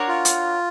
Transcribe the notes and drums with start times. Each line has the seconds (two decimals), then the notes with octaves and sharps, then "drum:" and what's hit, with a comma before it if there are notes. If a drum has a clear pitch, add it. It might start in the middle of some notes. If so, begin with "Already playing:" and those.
Already playing: D4 F#4 A#4 C#5
0.08 F4
0.25 drum: hi-hat